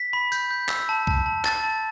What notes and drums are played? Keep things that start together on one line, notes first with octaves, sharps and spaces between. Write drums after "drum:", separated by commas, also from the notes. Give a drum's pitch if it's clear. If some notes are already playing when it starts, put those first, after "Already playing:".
Already playing: B6
B5
G6, drum: tambourine
G6
E6, drum: clap
A5
A5, drum: kick B1
A5
A5 A6, drum: clap
A5